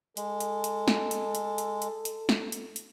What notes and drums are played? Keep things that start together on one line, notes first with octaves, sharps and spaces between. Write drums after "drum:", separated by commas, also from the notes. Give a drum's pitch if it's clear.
G#3 A4, drum: hi-hat
drum: hi-hat
drum: hi-hat
drum: snare
drum: hi-hat
drum: hi-hat
drum: hi-hat
drum: hi-hat
drum: hi-hat
drum: snare
drum: hi-hat
drum: hi-hat